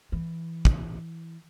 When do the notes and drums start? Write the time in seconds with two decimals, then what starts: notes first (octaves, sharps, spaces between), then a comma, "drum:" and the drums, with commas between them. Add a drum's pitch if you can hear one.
0.12 E3
0.65 drum: kick